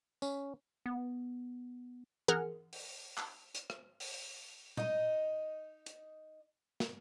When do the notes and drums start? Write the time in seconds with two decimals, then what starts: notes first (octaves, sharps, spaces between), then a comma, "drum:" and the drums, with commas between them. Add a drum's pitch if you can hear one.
0.22 C#4, drum: tambourine
0.86 B3
2.28 G#4 A#4 F#5 F6, drum: tom E3
2.73 drum: open hi-hat
3.18 drum: clap
3.55 drum: hi-hat
3.70 drum: rim click
4.00 drum: open hi-hat
4.77 D#4 D#5, drum: tom A#2
5.86 drum: hi-hat
6.80 drum: snare